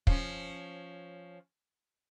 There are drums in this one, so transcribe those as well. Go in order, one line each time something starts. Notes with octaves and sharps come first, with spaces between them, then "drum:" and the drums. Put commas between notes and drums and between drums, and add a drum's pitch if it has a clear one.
F3 C#4, drum: kick